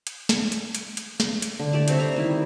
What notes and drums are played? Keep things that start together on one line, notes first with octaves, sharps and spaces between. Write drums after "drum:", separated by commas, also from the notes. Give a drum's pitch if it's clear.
drum: hi-hat
drum: snare
drum: hi-hat
drum: hi-hat
drum: hi-hat
drum: snare
drum: hi-hat
D3
A3 G4 D5
G3 C4 C#5 E5, drum: hi-hat
A#5
D#3 G3 E4